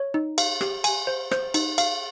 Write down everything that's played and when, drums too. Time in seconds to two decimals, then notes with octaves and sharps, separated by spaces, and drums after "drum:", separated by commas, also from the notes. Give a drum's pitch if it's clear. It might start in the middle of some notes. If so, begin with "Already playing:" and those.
Already playing: C#5
0.14 D#4
0.38 F5, drum: cymbal
0.61 G4, drum: rim click
0.84 G#5, drum: cymbal
1.07 C5
1.31 C5, drum: rim click
1.54 D#4, drum: cymbal
1.78 F5, drum: cymbal